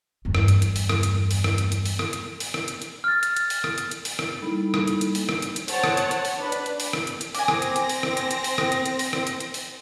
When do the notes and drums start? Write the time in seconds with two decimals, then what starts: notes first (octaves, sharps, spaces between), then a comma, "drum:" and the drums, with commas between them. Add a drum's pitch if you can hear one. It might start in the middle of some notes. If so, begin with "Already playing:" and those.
0.25 E2 G2
0.35 drum: rim click
0.48 drum: hi-hat
0.62 drum: hi-hat
0.76 drum: open hi-hat
0.89 drum: rim click
1.03 drum: hi-hat
1.31 drum: open hi-hat
1.44 drum: rim click
1.58 drum: hi-hat
1.72 drum: hi-hat
1.86 drum: open hi-hat
1.99 drum: rim click
2.13 drum: hi-hat
2.40 drum: open hi-hat
2.54 drum: rim click
2.68 drum: hi-hat
2.82 drum: hi-hat
3.04 F6 A6
3.23 drum: hi-hat
3.37 drum: hi-hat
3.50 drum: open hi-hat
3.64 drum: rim click
3.78 drum: hi-hat
3.91 drum: hi-hat
4.05 drum: open hi-hat
4.19 drum: rim click
4.41 G3 A#3 D#4 E4 A4 B5
4.74 drum: rim click
4.87 drum: hi-hat
5.01 drum: hi-hat
5.15 drum: open hi-hat
5.29 drum: rim click
5.42 drum: hi-hat
5.56 drum: hi-hat
5.68 C5 C#5 F#5 A5, drum: open hi-hat
5.84 drum: rim click
5.97 drum: hi-hat
6.11 drum: hi-hat
6.25 drum: open hi-hat
6.35 D4 B4
6.52 drum: hi-hat
6.66 drum: hi-hat
6.80 drum: open hi-hat
6.93 drum: rim click
7.07 drum: hi-hat
7.21 drum: hi-hat
7.35 C4 G#5 D6 A#6, drum: open hi-hat
7.48 drum: rim click
7.62 drum: hi-hat
7.76 drum: hi-hat
7.89 drum: open hi-hat
8.03 drum: rim click
8.17 drum: hi-hat
8.31 drum: hi-hat
8.44 drum: open hi-hat
8.58 drum: rim click
8.72 drum: hi-hat
8.86 drum: hi-hat
8.99 drum: open hi-hat
9.13 drum: rim click
9.27 drum: hi-hat
9.40 drum: hi-hat
9.54 drum: open hi-hat